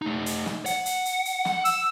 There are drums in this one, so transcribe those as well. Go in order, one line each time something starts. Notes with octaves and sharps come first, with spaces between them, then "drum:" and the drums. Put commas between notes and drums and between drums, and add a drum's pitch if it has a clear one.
A3 D#4
drum: hi-hat
drum: snare
F#5, drum: hi-hat
drum: hi-hat
drum: hi-hat
drum: hi-hat
drum: snare
E6, drum: hi-hat